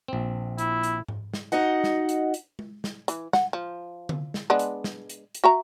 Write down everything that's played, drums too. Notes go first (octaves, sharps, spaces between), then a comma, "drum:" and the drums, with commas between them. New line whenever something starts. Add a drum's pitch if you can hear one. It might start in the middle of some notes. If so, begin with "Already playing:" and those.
A#1 C4
E4, drum: hi-hat
drum: hi-hat
drum: tom G#2
drum: snare
D#4 F#4 D#5 F#5
drum: snare
drum: hi-hat
drum: hi-hat
drum: tom G#3
drum: snare
E3, drum: hi-hat
F#5, drum: snare
F3
drum: tom D3
drum: snare
G#3 B3 D4
drum: hi-hat
drum: snare
drum: hi-hat
drum: hi-hat
F#4 E5 A#5